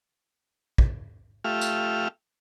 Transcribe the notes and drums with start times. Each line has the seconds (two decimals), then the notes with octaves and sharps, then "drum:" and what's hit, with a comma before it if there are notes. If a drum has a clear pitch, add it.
0.78 drum: kick
1.44 A3 F4 G4 E5 F6
1.61 drum: tambourine